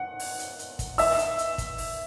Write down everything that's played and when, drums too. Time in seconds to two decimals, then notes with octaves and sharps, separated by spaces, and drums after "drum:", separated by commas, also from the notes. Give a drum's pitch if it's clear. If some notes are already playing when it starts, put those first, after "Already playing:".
Already playing: F#5
0.19 drum: open hi-hat
0.39 drum: hi-hat
0.59 drum: hi-hat
0.79 drum: kick, hi-hat
0.98 E5 E6, drum: open hi-hat
1.19 drum: hi-hat
1.38 drum: hi-hat
1.58 drum: kick, hi-hat
1.78 drum: open hi-hat